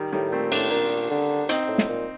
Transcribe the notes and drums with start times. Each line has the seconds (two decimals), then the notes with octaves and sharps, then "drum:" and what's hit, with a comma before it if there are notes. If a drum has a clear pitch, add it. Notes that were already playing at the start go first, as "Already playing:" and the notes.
Already playing: D#3 G3
0.12 A2 D#3 G3
0.32 A#2 A3 C4
0.52 A2 A#3 D4, drum: cymbal
0.71 A#2 A#3 D4
1.10 D3
1.49 C4 D#4, drum: hi-hat
1.68 A2
1.78 drum: snare
1.88 A#2